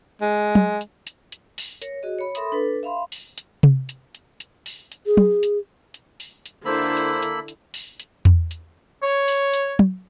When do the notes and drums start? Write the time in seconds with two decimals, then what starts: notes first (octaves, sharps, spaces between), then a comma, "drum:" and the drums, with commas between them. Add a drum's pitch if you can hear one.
0.21 G#3
0.55 drum: tom
0.81 drum: hi-hat
1.07 drum: hi-hat
1.32 drum: hi-hat
1.58 drum: open hi-hat
1.82 A#4 C#5, drum: hi-hat
2.03 F#4 G#4 D#5
2.18 C#5 B5
2.35 A4 A#4 E5 B5 C6 D#6, drum: hi-hat
2.52 D4 A4 B4
2.83 E5 F5 B5 C6
3.12 drum: open hi-hat
3.38 drum: hi-hat
3.63 drum: tom C3
3.89 drum: hi-hat
4.15 drum: hi-hat
4.40 drum: hi-hat
4.66 drum: open hi-hat
4.92 drum: hi-hat
5.06 G#4
5.17 drum: tom
5.43 drum: hi-hat
5.94 drum: hi-hat
6.20 drum: open hi-hat
6.46 drum: hi-hat
6.65 D3 A#3 E4 A4 C5 B5
6.97 drum: hi-hat
7.23 drum: hi-hat
7.48 drum: hi-hat
7.74 drum: open hi-hat
8.00 drum: hi-hat
8.25 drum: tom E2
8.51 drum: hi-hat
9.03 C#5
9.28 drum: open hi-hat
9.54 drum: hi-hat
9.79 drum: tom